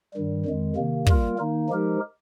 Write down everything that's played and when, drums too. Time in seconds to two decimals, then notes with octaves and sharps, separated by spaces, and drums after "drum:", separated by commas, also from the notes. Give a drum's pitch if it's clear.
0.14 G2 D#3 G3
0.45 F2 D#3 G#3
0.76 C3 D#3 A#3
1.07 G3 A#3 F4 A#4, drum: kick
1.39 D#3 A#3 D#4
1.70 F3 G#3 D#4 G4 A#4